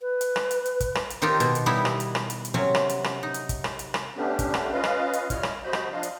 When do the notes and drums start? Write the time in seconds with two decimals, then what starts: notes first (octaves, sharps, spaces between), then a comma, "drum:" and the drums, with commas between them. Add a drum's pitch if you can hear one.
0.01 B4
0.21 drum: hi-hat
0.36 drum: rim click
0.51 drum: hi-hat
0.66 drum: hi-hat
0.80 drum: kick, hi-hat
0.95 drum: rim click
1.10 drum: hi-hat
1.22 D#3 C4 D#4 F4 G4
1.40 B2, drum: hi-hat
1.55 drum: hi-hat
1.66 G3 B3 D#4 E4
1.85 drum: rim click
2.00 drum: hi-hat
2.15 drum: rim click
2.30 drum: hi-hat
2.45 drum: hi-hat
2.54 C3 F#3 C#4
2.75 drum: rim click
2.89 drum: hi-hat
3.04 drum: rim click
3.23 D#4
3.34 drum: hi-hat
3.49 drum: kick, hi-hat
3.64 drum: rim click
3.79 drum: hi-hat
3.94 drum: rim click
4.17 D3 A3 B3 C#4 D4 G4
4.39 drum: kick, hi-hat
4.54 drum: rim click
4.72 C#4 F4 B4 D#5 F5
4.84 drum: rim click
5.13 drum: hi-hat
5.30 G3 E4 F4 C#5 D#5 F6, drum: kick, hi-hat
5.43 drum: rim click
5.63 C3 F3 F#4 C5 D#5 B5
5.73 drum: rim click
5.92 F3 D4 F4 D#5 F5
6.03 drum: hi-hat